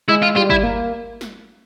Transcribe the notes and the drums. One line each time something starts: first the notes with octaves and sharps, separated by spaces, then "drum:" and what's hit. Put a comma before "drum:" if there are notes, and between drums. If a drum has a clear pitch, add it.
G#3 E4
F4
G3 F4
E4, drum: kick G1
A#3, drum: tom
drum: snare